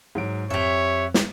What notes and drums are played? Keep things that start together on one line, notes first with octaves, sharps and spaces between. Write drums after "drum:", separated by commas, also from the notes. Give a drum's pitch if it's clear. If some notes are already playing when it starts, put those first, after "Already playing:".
G#2 F#3 D7
F2 G4 C#5 E5 F7
drum: snare